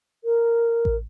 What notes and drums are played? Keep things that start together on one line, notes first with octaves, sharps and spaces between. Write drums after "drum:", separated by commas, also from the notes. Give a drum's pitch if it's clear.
A#4
drum: kick A1